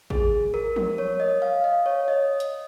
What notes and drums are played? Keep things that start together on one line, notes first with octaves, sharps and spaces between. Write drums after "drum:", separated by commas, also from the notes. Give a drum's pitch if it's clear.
G#4, drum: kick A1
A#4
A#4, drum: tom F3
C#5
D#5
F5
D#5
C#5
D#5
drum: hi-hat